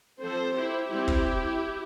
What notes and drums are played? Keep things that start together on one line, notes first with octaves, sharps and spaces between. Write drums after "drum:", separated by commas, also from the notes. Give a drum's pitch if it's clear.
F3 C4 A4 C5
E4 G4
G3 C4 E4 G4
drum: kick